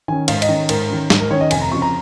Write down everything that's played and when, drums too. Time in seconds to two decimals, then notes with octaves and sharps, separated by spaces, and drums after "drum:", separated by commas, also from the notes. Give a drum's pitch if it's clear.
0.08 D#3 C#4 G#5
0.28 G#2 F5, drum: cymbal
0.42 D#5, drum: cymbal
0.49 D#3 C#4
0.69 G#2 A#4, drum: cymbal
0.90 D#3 C#4
1.10 G#2, drum: snare
1.20 A#4
1.30 D#3 C#4 C#5
1.41 D#5
1.51 F1 G#5, drum: cymbal
1.61 A#5
1.71 F2 C#3 F3 C#6
1.82 A#5